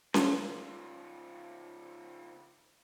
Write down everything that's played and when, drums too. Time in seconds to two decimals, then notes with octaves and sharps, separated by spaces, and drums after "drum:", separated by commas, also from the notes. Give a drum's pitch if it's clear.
0.14 C#3 F3, drum: snare C#4